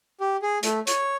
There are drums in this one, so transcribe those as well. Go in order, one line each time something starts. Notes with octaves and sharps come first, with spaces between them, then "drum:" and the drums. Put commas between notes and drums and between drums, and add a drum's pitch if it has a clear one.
G4
G#4
A3, drum: hi-hat
C#5, drum: hi-hat